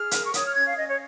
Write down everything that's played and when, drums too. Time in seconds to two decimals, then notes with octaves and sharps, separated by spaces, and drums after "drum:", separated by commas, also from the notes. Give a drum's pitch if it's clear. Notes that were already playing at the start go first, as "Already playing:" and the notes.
Already playing: G#4 F6
0.11 A#4, drum: hi-hat
0.26 C#6
0.34 C#5 D#6, drum: hi-hat
0.46 F6
0.55 C#4 G#6
0.66 F5
0.78 C#4 D#5
0.88 C#5